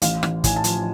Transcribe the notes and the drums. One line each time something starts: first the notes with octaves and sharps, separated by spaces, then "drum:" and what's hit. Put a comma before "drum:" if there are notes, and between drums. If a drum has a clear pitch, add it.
A1 F5, drum: hi-hat
A1, drum: rim click
A2 G#5, drum: kick, hi-hat
A5
F3, drum: hi-hat